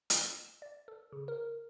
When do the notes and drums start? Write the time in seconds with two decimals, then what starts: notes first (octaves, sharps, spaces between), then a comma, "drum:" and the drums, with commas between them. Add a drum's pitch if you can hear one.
0.10 E6, drum: hi-hat
0.37 E7
0.62 D5
0.88 A4
1.12 C#3
1.28 A#4